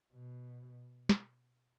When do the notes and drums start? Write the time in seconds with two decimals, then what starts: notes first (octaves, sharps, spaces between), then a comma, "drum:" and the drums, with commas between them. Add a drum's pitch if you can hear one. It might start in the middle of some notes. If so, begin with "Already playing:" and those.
0.13 B2
1.09 drum: snare